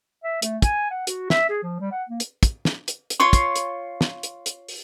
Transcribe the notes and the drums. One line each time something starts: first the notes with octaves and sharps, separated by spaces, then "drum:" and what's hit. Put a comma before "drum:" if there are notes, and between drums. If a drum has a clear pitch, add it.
E5
A3, drum: hi-hat
G#5, drum: kick, hi-hat
F#5
F#4, drum: hi-hat
E5, drum: snare
G#4
F3
G3
F#5
A#3
drum: hi-hat
drum: kick, hi-hat
drum: snare
drum: hi-hat
drum: hi-hat
F4 C#5 C6 C#6
drum: kick, hi-hat
drum: hi-hat
drum: snare
drum: hi-hat
drum: hi-hat
drum: open hi-hat